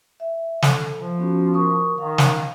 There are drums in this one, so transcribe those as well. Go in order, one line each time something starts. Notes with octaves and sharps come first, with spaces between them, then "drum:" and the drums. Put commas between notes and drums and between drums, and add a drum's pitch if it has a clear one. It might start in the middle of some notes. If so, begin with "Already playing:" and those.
E5
A4, drum: snare
F3
B3 C#4 F#4
A#4 C#6 D#6
D#3 F5
drum: snare